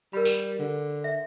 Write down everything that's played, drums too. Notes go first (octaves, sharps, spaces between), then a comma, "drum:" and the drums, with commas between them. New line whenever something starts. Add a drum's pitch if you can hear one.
G3 A#4 B5
drum: tambourine
D3
E5